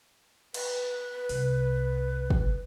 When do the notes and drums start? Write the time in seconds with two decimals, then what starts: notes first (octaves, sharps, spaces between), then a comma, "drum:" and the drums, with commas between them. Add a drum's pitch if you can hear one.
0.54 B4, drum: cymbal
1.29 C2, drum: open hi-hat
2.30 drum: kick